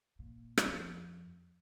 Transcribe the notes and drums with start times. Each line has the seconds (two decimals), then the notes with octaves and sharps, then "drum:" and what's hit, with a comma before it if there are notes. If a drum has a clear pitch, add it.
0.19 A#2
0.58 drum: rim click
0.67 F2